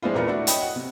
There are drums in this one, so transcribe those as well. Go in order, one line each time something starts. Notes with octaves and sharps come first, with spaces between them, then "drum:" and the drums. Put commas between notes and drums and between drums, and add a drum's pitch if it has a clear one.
F3 G#3 C4 D4 E4 F4
E2 A#2 A#4 B4 D5 C#7
A3 D4 E4 F#4
C#5 D#5 G5 B5 D#6, drum: hi-hat
F#5
C3